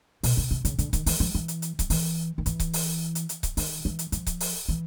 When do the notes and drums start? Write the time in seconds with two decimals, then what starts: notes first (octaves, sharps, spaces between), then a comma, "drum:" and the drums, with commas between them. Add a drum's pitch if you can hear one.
0.23 B2, drum: open hi-hat
0.37 C3
0.51 C3
0.65 C#3, drum: hi-hat
0.79 D3, drum: hi-hat
0.93 D#3, drum: kick C#1, hi-hat
1.06 E3, drum: open hi-hat
1.20 F3
1.35 E3
1.48 drum: hi-hat
1.62 drum: hi-hat
1.79 F3, drum: kick C#1, hi-hat
1.90 E3, drum: open hi-hat
2.38 D#3
2.46 E3, drum: hi-hat
2.60 drum: kick C#1, hi-hat
2.73 drum: open hi-hat
3.15 drum: hi-hat
3.29 drum: hi-hat
3.43 drum: kick C#1, hi-hat
3.57 D#3, drum: open hi-hat
3.85 E3
3.99 drum: hi-hat
4.12 F3, drum: hi-hat
4.26 drum: kick C#1, hi-hat
4.40 drum: open hi-hat
4.69 E3